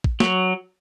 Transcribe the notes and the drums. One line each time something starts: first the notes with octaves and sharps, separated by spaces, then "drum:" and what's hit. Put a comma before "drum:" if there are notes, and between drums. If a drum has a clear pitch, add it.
drum: kick
F#3, drum: snare